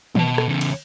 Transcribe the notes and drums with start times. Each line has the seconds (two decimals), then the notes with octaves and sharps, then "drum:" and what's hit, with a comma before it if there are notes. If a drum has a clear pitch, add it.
0.15 B2 A5, drum: tom D#3
0.38 drum: rim click
0.48 E2 C#3
0.61 drum: cymbal